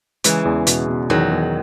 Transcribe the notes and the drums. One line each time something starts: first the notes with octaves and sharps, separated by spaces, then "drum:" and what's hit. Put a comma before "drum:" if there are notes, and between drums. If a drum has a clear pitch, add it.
C#3 E3 G#3, drum: hi-hat
E2
B2, drum: hi-hat
B2
E2 D#3 F#3
E2